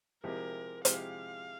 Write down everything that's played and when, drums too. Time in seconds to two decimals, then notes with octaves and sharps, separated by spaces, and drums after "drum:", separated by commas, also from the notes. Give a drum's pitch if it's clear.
0.23 C3 F3 G#3 E4 G4 A#4
0.85 C3 F3 G#3 E4 G4 F5, drum: hi-hat